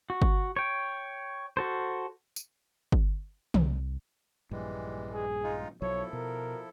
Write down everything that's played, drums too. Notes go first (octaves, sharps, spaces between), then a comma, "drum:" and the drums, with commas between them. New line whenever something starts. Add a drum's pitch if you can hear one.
F#4
drum: kick G1
C#5 G5
F#4 A4 C5
drum: tambourine
drum: kick G1
C2, drum: tom
A#1 G2 E3 G3 G#3
G#4
G#3 D#4 F4
B1 F3 F#3 E4 A4 C#5
B2 A#4